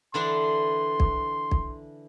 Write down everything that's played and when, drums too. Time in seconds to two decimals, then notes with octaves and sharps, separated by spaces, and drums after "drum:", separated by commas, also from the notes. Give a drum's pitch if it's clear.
0.14 D3 E3 D4 C6
1.00 drum: kick B1
1.51 drum: kick B1